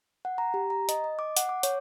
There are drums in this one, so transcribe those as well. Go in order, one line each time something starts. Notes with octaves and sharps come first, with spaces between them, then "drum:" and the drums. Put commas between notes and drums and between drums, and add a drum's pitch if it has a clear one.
F#5
A#5
G4
A#5
D#5, drum: hi-hat
D#5
D6
F#5, drum: hi-hat
D6
C#5, drum: hi-hat